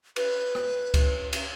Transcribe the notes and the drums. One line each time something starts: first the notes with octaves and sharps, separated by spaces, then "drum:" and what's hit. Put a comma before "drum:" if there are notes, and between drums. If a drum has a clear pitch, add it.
B4, drum: cymbal
drum: rim click
drum: kick C#2, cymbal
drum: cymbal